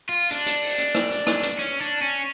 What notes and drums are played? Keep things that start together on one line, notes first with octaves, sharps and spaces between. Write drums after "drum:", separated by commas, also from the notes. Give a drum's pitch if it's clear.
F4
D4, drum: hi-hat
drum: hi-hat
drum: open hi-hat
drum: hi-hat
drum: rim click
drum: hi-hat
drum: rim click
drum: hi-hat
C#4, drum: hi-hat
D4
C#4